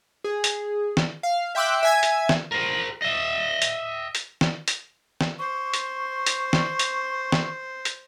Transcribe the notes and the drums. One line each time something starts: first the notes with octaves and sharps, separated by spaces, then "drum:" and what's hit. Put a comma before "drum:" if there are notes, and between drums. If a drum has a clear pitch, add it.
G#4
drum: hi-hat
drum: snare
F5
E5 G5 C6 D6 E6 F#6
E5 G#5 G#6
drum: hi-hat
drum: snare
A#4 C5
D#5 E5
drum: hi-hat
drum: hi-hat
drum: snare
drum: hi-hat
drum: snare
C5 C#6
drum: hi-hat
drum: hi-hat
drum: snare
drum: hi-hat
drum: snare
drum: hi-hat